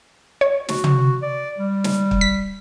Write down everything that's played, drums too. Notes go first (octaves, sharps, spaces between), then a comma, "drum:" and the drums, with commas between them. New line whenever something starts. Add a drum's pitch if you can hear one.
C#5
F#4, drum: snare
drum: tom
D5
G3
drum: snare
drum: kick
B6